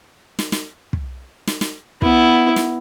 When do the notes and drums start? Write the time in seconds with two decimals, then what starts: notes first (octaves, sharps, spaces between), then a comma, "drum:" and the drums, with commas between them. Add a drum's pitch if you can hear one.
0.39 drum: snare
0.52 drum: snare
0.93 drum: kick
1.47 drum: snare
1.61 drum: snare
2.02 B3 E4, drum: kick
2.56 drum: snare